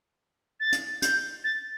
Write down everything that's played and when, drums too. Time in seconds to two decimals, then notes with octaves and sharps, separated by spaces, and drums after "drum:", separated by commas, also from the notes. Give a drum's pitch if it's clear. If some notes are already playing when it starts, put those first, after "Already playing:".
0.60 A6
0.72 drum: hi-hat
1.02 G6, drum: hi-hat
1.44 A6